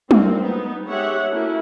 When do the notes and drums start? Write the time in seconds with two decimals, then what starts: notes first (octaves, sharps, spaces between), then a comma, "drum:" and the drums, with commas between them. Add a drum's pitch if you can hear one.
0.11 C4 A#4, drum: tom
0.42 B3 D#4
0.88 G#3 G4 C#5 E5 F#5
1.29 A3 A#3 C#4 E4 F#4